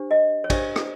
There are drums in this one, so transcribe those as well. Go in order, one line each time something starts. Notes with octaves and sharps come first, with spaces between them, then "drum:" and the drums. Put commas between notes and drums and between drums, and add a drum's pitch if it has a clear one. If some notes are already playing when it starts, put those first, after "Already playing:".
Already playing: D4 G4 C5
D#5
C#5
D4 G4 C5 D5, drum: kick, cymbal
drum: rim click